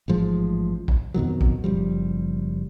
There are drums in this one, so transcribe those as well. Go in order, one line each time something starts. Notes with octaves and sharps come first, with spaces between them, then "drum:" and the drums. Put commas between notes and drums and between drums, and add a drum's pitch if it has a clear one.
A1 G#2 F3 G#3
drum: kick A#1
F2 B2 D#3 F#3
drum: kick A#1
F#1 F3 G3